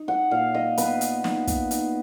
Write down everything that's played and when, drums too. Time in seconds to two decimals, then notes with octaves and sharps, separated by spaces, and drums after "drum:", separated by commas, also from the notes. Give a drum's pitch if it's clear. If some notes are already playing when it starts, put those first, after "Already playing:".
Already playing: D#4
0.08 F#5
0.31 A#2 F5
0.55 D#5
0.78 B3 B4, drum: hi-hat
1.01 drum: hi-hat
1.24 D#4, drum: snare
1.47 drum: kick, hi-hat
1.71 D#4, drum: hi-hat